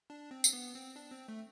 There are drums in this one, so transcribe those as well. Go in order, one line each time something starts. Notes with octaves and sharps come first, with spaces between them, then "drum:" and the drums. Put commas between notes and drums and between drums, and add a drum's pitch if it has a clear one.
D4
C4
drum: tambourine
B3
C4
D4
C4
A3